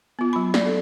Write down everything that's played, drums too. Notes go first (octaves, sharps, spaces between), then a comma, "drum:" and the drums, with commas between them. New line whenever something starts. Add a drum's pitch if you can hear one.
B3 F4
F#3 B5
D5, drum: snare
A4